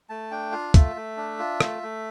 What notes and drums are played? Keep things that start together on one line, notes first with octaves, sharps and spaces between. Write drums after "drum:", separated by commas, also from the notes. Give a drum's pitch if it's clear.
A3 A5
D4 G5
F4 F5
A3 E5, drum: kick, hi-hat
A3
D4
F4
A3, drum: rim click
A3